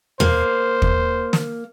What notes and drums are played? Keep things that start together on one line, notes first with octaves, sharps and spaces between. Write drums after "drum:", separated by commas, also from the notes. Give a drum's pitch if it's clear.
A#3 C5, drum: tom
drum: kick
drum: snare